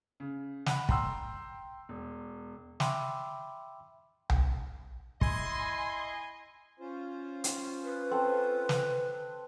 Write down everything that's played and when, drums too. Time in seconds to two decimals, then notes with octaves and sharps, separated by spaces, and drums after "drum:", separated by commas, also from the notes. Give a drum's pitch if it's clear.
0.20 C#3
0.66 F#5 B5, drum: snare
0.89 G5 A#5 C6 E6, drum: kick
1.89 E1
2.80 E5 G5 B5 C6 D6 E6, drum: snare
4.30 drum: tom C2
5.21 E4 D#5 G#5 C6, drum: kick
6.80 C#4 F4 C5
7.44 drum: hi-hat
7.84 B4
8.11 C4 A4
8.69 drum: snare